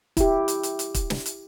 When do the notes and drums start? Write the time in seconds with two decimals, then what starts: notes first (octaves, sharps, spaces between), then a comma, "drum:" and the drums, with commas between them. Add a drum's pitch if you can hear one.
0.17 E4 G4, drum: kick, hi-hat
0.48 drum: hi-hat
0.63 drum: hi-hat
0.79 drum: hi-hat
0.94 drum: kick, hi-hat
1.10 drum: snare
1.26 drum: hi-hat